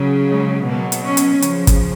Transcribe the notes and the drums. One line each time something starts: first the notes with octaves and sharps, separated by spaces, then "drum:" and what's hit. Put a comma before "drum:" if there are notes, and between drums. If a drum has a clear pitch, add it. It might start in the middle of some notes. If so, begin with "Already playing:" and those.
Already playing: C#3 F#3
G#3
B2 F#3 A#3
drum: hi-hat
C#4
drum: hi-hat
C#3 F3, drum: hi-hat
drum: kick, hi-hat